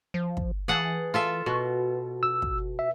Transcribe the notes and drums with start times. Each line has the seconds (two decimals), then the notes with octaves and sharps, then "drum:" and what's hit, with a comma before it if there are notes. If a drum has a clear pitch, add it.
0.14 F3
0.37 drum: kick
0.68 E3 G#4 F#5 A5
1.14 F4 A4 E5
1.46 B2 F#4
2.23 E6
2.42 drum: kick
2.79 E5